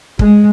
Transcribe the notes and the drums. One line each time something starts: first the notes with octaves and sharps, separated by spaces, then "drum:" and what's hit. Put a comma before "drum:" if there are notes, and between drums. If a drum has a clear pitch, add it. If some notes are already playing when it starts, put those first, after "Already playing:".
G#3, drum: kick